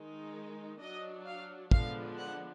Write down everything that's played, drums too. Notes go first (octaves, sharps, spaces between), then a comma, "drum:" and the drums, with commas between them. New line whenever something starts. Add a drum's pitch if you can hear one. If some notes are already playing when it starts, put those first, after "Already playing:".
Already playing: D#3 G#3 D#4
F#3 D4 D#5
F5
D3 F3 G#3 B3 D4 F5, drum: kick
F#5